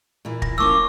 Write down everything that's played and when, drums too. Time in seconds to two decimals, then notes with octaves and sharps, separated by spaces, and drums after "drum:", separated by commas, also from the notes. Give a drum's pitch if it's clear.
0.25 A#2 E3
0.42 A#6, drum: kick
0.58 F3 A#3 C#4 C#6 D6 E6